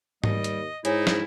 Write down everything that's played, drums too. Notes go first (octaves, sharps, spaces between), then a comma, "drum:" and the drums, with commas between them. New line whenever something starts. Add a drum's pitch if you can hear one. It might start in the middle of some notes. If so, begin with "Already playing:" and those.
D#2 G3 D#5, drum: tom G#2
drum: hi-hat
G#2 D#4 E4 C#5 G#5, drum: hi-hat
drum: snare